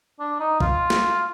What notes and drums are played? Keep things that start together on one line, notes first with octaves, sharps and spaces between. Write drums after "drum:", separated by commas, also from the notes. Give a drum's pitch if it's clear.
D4
D#4
F4, drum: kick
drum: snare